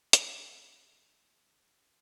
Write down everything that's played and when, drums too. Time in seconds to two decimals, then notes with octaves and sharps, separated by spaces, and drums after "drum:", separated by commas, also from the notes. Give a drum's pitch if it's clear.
0.13 F#2, drum: hi-hat
1.17 E2
1.69 F#2